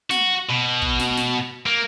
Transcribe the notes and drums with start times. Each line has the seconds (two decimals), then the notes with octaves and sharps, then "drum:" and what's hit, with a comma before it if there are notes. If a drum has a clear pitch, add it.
0.11 F#4, drum: snare
0.50 B2
0.82 drum: kick
0.99 drum: snare
1.17 drum: snare
1.66 A#3